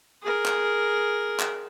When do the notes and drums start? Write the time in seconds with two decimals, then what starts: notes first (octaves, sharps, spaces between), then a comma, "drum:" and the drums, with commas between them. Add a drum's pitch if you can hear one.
0.22 G#4 A#4
0.46 drum: clap
1.40 drum: clap